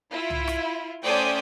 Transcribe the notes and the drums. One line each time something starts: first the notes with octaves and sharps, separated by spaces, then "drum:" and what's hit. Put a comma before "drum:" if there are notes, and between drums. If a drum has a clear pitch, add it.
E4 F4
drum: tom
drum: rim click
A3 C#4 C5 D5 G5 D#6